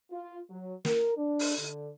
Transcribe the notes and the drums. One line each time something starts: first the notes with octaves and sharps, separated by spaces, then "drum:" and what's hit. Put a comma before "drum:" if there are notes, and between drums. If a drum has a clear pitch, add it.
F4
F#3
A#4, drum: snare
D4
drum: open hi-hat
D3